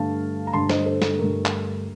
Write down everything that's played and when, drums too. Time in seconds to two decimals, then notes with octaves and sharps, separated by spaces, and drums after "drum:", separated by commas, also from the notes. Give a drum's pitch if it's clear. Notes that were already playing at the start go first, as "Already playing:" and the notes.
Already playing: G2 D3 A3 F5 A5
0.47 A#5
0.53 G2 D3 A3 A5 C6
0.69 C5 D#5, drum: snare
0.86 A4 C5
1.02 A4, drum: snare
1.18 G2 D3 A3 A#4
1.46 drum: clap